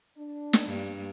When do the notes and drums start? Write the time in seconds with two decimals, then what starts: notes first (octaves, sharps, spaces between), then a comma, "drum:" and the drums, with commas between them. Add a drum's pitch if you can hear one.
0.17 D4
0.53 drum: snare
0.66 G2 A#3